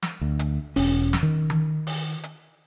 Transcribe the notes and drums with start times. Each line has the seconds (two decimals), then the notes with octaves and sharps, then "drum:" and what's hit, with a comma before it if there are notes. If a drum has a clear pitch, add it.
0.02 drum: snare
0.21 D2
0.39 drum: hi-hat
0.76 E1 C#4, drum: open hi-hat
1.13 drum: snare
1.23 D#3
1.50 drum: tom D#3
1.87 drum: open hi-hat
2.23 drum: hi-hat